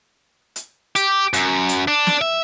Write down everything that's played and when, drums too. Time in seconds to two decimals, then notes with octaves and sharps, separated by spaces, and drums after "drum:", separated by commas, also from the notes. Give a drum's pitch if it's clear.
0.56 drum: hi-hat
0.96 G4, drum: hi-hat
1.34 F#2, drum: hi-hat
1.69 drum: hi-hat
1.88 D4
2.07 drum: snare
2.21 E5